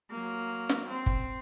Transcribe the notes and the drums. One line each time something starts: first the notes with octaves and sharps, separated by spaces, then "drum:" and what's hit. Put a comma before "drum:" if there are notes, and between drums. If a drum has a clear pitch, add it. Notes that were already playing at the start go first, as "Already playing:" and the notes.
F#3 A#3
drum: snare
C4 C6
drum: kick